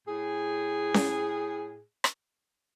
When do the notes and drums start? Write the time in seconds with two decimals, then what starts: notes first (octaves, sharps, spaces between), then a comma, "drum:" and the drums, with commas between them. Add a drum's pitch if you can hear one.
0.07 A2 G#4
0.94 drum: snare C#4
2.04 drum: rim click